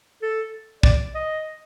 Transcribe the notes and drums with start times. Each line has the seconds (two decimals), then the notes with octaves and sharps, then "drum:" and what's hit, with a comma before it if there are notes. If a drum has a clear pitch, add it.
0.23 A4
0.83 D5, drum: kick
1.14 D#5